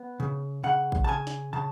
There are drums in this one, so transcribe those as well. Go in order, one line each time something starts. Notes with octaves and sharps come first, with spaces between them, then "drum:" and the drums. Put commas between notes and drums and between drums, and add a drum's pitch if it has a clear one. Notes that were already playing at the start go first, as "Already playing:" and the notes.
Already playing: B3
C#3
C#3 F#5
drum: kick
A5
C#3 G#5
drum: snare
C#3 A5